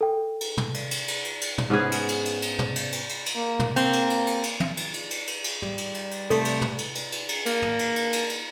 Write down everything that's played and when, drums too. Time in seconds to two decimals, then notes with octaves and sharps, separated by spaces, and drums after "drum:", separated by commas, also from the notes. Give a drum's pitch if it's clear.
0.01 A4 G5
0.41 drum: cymbal
0.57 drum: tom
0.74 drum: cymbal
0.91 drum: cymbal
1.08 drum: cymbal
1.25 drum: cymbal
1.41 drum: cymbal
1.58 drum: tom
1.70 G#2 B3 C#4 G#4
1.92 drum: cymbal
2.08 drum: cymbal
2.25 drum: cymbal
2.42 drum: cymbal
2.59 drum: tom
2.76 drum: cymbal
2.92 drum: cymbal
3.09 drum: cymbal
3.26 drum: cymbal
3.36 A#3
3.59 drum: tom
3.76 A#3 C4, drum: cymbal
3.93 drum: cymbal
4.10 drum: cymbal
4.27 drum: cymbal
4.43 drum: cymbal
4.60 drum: tom
4.77 drum: cymbal
4.94 drum: cymbal
5.10 drum: cymbal
5.27 drum: cymbal
5.44 drum: cymbal
5.62 G3, drum: tom
5.78 drum: cymbal
5.94 drum: cymbal
6.11 drum: cymbal
6.30 C3 A3 A4, drum: cymbal
6.45 drum: cymbal
6.62 drum: tom
6.78 drum: cymbal
6.95 drum: cymbal
7.12 drum: cymbal
7.29 drum: cymbal
7.46 A#3, drum: cymbal
7.62 drum: tom
7.79 drum: cymbal
7.96 drum: cymbal
8.13 drum: cymbal
8.29 drum: cymbal